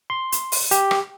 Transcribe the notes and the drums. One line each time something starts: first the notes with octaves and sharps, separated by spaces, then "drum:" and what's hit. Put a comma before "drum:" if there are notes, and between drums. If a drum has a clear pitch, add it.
C6
drum: hi-hat
drum: open hi-hat
G4, drum: hi-hat
drum: rim click